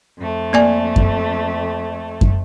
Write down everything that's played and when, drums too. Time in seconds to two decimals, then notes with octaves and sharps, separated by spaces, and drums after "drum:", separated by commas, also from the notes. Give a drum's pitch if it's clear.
0.18 F2 A3
0.53 A#3 D5 G#5
0.96 drum: kick F#2
2.21 drum: kick F#2